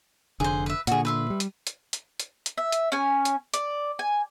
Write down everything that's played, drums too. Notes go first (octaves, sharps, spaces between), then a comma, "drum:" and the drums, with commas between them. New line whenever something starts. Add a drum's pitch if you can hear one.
F1 D3 G#4 C5
B4 E5
A#2 D3 F#4 G#4, drum: hi-hat
B4 E5 C6
G3
drum: hi-hat
drum: hi-hat
drum: hi-hat
drum: hi-hat
drum: hi-hat
E5
drum: hi-hat
C#4 G#5
drum: hi-hat
D5, drum: hi-hat
G#5